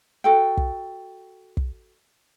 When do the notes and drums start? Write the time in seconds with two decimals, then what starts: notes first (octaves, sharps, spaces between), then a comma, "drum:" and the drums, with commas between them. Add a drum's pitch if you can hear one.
0.24 F#4 A4 G5
0.57 drum: kick
1.57 drum: kick